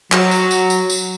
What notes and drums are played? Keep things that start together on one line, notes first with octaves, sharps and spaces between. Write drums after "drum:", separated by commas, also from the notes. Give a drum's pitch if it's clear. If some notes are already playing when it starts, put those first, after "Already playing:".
F#3, drum: clap
drum: tambourine
drum: tambourine
drum: tambourine
drum: tambourine